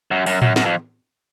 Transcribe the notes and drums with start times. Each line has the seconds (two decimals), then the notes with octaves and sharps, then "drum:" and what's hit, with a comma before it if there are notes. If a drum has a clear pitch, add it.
0.11 F#2
0.26 F#2, drum: open hi-hat
0.42 F#2, drum: tom A2
0.56 F#2, drum: snare
0.65 F2